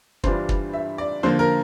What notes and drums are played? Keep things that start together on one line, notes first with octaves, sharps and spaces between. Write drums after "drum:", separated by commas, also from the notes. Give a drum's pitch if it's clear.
G2 E3 G3 D4 F4 C5, drum: kick
drum: kick
E5
D5
D3 F3 A#3 C5
A#4